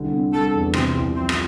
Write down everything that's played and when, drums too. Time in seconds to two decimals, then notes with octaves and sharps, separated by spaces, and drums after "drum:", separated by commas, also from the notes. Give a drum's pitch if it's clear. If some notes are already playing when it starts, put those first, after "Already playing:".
Already playing: C2 D3 G3
0.12 C4
0.33 G3 A4
0.53 E2
0.74 C3 C4, drum: rim click
0.95 C2
1.15 F3 C4
1.29 drum: rim click